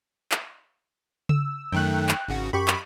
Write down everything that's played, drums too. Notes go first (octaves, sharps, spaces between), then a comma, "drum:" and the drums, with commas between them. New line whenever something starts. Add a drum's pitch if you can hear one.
drum: clap
E6, drum: tom C#3
F#2 D#3 A3 G5 F#6
drum: clap
G#1 C#3 F#4
F#2 G4 B5 C#6
drum: clap